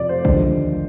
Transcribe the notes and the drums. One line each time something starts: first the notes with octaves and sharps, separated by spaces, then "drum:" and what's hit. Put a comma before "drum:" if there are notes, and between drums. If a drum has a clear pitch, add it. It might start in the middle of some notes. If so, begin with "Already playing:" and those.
Already playing: F2 C3 F3 D5
C5
D#2 D3 F3 G#3, drum: kick